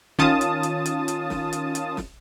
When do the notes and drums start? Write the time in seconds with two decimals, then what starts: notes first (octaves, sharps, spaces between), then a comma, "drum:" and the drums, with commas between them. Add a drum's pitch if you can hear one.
0.19 D#3 C#4 F4 A5 D#6, drum: snare
0.41 drum: hi-hat
0.63 drum: hi-hat
0.86 drum: hi-hat
1.08 drum: hi-hat
1.30 drum: snare
1.53 drum: hi-hat
1.75 drum: hi-hat
1.97 drum: snare